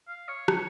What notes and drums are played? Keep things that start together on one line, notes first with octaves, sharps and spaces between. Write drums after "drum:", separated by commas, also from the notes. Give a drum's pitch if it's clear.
F5
C#5
drum: rim click